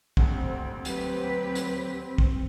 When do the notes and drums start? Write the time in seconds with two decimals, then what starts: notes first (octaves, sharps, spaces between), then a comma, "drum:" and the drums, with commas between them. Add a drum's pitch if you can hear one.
0.17 D#1 D2 C4, drum: kick
0.85 F#3 G4 B4, drum: hi-hat
1.55 drum: hi-hat
2.18 drum: kick